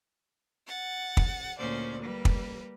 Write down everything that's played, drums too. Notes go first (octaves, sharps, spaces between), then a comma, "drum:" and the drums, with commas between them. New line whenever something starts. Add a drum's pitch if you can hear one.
F#5 A6
drum: kick
D2 A#2 C#4 C5 D5
G3 A#3 B4
drum: kick